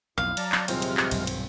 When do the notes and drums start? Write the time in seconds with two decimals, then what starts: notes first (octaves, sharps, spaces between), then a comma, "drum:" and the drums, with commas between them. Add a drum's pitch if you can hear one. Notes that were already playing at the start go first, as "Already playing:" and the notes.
0.18 B1 F2 A2 F5
0.37 F#3 D5 A5 A#5, drum: cymbal
0.52 drum: clap
0.68 D#1 C3 G#3 C4 F4 F6, drum: cymbal
0.82 drum: cymbal
0.97 drum: clap
1.11 B1 G2 F#3, drum: cymbal
1.27 drum: cymbal